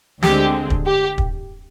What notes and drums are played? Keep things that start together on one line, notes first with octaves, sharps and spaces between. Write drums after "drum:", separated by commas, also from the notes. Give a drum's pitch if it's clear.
D2 D3 G#3 C4 G4, drum: snare
drum: kick
G4
drum: kick